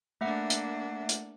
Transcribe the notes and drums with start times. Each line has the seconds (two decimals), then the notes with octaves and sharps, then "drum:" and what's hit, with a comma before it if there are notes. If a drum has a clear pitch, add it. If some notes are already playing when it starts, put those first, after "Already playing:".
0.21 A3 A#3 D4 E5 F#5
0.50 drum: hi-hat
1.09 drum: hi-hat